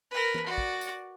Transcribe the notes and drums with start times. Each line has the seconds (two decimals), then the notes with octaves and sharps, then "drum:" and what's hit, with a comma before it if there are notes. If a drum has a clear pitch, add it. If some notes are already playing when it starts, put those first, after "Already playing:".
0.11 A#4 B4
0.34 drum: tom
0.46 F#4 D5
0.58 drum: kick
0.81 drum: tambourine